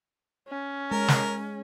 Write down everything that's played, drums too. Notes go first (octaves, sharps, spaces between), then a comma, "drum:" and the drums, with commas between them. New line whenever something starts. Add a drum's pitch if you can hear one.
C#4
G#3 A#4 C#5
drum: snare